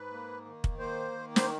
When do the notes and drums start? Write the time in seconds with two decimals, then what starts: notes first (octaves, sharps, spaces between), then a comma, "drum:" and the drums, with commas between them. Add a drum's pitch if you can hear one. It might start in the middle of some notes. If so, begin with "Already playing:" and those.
Already playing: G#2 B4
0.12 A#3
0.45 D#3
0.64 drum: kick
0.79 A#3 C5
1.12 D#3
1.36 C5, drum: snare